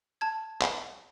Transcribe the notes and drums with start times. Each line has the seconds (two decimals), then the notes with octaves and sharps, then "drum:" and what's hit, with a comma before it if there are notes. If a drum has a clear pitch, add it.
0.21 A5 G#6
0.61 drum: clap